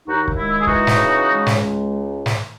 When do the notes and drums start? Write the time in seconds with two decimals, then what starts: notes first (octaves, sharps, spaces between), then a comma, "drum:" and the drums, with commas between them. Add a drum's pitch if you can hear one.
0.07 D#2 D#4 F#4
0.28 drum: kick C#1
0.37 G#3 E4
0.52 E4
0.61 G#4
0.67 E3 D#4 F#4, drum: kick C#1
0.87 drum: snare
0.97 C#3
1.27 G#3
1.46 drum: snare
1.57 C#2
2.26 drum: snare